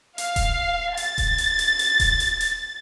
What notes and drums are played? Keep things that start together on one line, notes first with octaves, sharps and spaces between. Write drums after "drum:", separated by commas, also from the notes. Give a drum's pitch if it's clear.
F5, drum: hi-hat
drum: kick D#1, hi-hat
A6, drum: hi-hat
drum: kick D#1, hi-hat
drum: hi-hat
drum: hi-hat
drum: hi-hat
drum: kick D#1, hi-hat
drum: hi-hat
drum: hi-hat